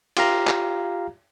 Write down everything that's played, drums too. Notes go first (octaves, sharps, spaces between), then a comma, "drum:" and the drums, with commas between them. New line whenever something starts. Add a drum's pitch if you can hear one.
F4 G4 F5 A#5, drum: cymbal
drum: clap